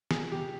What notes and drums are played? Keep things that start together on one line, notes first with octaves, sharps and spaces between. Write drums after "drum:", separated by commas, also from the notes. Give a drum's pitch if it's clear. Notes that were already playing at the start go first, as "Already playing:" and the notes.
F3 G#4, drum: snare
C3 G4